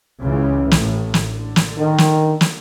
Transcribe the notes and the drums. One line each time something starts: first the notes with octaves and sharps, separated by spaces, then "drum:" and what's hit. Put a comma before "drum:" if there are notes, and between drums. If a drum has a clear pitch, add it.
C#2 C#3 E3
A1 A2, drum: snare
drum: snare
D3
drum: snare
D#3
drum: snare
drum: snare